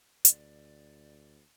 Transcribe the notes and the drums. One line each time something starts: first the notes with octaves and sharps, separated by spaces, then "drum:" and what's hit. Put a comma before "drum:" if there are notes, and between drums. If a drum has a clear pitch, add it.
D2 D5, drum: hi-hat